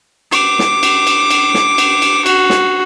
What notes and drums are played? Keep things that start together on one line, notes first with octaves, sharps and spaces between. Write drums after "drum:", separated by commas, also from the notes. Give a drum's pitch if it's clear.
D6, drum: cymbal
drum: snare
drum: cymbal
drum: cymbal
drum: cymbal
drum: snare
drum: cymbal
drum: cymbal
F#4, drum: cymbal
drum: snare